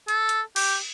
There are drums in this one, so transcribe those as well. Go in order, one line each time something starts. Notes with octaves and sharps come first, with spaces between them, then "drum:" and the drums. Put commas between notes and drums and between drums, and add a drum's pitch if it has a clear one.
A4, drum: hi-hat
drum: hi-hat
G4, drum: cymbal